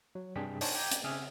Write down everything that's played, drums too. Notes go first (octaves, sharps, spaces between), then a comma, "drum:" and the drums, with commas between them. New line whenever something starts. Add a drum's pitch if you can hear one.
F#3
G2 C3 D4 G#4 G5 B6
D4 D#4 C5 C#5 G#5 A5, drum: open hi-hat
G5 A#5 D6 G6 G#6
drum: hi-hat
C#3 C4 E5 G#5 D#6 F6